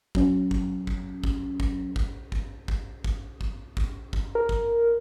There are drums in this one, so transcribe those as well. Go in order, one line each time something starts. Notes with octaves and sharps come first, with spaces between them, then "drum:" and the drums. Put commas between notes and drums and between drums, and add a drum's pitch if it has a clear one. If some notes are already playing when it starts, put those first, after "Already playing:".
F#3 C#4, drum: kick G#1
drum: kick G#1
drum: kick G#1
drum: kick G#1
drum: kick G#1
drum: kick G#1
drum: kick G#1
drum: kick G#1
drum: kick G#1
drum: kick G#1
drum: kick G#1
drum: kick G#1
A#4
drum: kick G#1